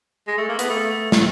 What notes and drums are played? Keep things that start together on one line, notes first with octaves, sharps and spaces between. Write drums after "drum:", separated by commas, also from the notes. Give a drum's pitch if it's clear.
G#3
A3
A#3
B3, drum: hi-hat
A3
A3, drum: snare